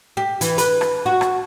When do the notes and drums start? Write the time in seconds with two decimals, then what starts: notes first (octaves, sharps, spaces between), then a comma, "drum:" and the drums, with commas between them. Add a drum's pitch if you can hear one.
0.17 G4
0.41 E3, drum: hi-hat
0.58 B4, drum: hi-hat
0.81 drum: rim click
1.06 F#4
1.21 drum: rim click